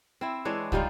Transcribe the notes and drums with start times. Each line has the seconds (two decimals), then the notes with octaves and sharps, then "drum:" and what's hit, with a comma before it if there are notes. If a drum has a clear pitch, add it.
0.21 C4 E4
0.45 E3 G#3 D4 C#5
0.72 F3 G3 D#4 F4, drum: kick